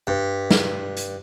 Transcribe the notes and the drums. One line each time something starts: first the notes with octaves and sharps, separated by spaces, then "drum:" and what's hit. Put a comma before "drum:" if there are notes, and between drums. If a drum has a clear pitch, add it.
G2
drum: snare
drum: hi-hat